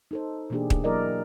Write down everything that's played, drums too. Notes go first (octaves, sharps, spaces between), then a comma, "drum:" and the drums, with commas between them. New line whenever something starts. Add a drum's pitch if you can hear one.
D#4 A4 C5
B2 E3 A#3 D4 G4 G#4
drum: kick
F#3 A#3 E4 A#4 D5 D#5